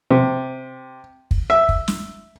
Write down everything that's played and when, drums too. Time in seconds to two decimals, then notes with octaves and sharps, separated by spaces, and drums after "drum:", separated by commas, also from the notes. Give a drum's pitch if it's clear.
0.11 C3
1.31 drum: kick
1.50 E5
1.69 drum: kick
1.88 drum: snare